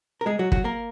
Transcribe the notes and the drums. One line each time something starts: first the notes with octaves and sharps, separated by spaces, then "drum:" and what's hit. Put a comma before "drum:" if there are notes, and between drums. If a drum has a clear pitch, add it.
A#4
G#3 G#4
F#3 F#4
F#3 F#4, drum: kick
A#3 A#4